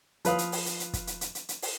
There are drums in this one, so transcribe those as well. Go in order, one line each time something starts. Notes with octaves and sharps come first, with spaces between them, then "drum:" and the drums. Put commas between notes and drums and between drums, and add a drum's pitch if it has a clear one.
F3 B4 F5 D#6, drum: hi-hat
drum: hi-hat
drum: open hi-hat
drum: hi-hat
drum: hi-hat
drum: kick, hi-hat
drum: hi-hat
drum: hi-hat
drum: hi-hat
drum: hi-hat
drum: open hi-hat